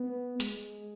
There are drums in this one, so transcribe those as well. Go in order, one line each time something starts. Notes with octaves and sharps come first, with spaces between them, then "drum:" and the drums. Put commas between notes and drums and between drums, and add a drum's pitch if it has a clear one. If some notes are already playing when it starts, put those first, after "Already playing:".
Already playing: B3
G#3, drum: hi-hat